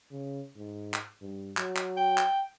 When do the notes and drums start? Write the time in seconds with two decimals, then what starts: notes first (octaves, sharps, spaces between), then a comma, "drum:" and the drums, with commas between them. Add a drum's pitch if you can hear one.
0.11 C#3
0.57 G#2
0.94 drum: clap
1.21 G2
1.57 F#3, drum: clap
1.77 drum: clap
1.97 G5
2.18 drum: clap